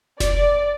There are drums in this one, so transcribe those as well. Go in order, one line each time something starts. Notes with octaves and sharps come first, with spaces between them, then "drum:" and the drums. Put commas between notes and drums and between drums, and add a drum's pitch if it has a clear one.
D5, drum: snare F1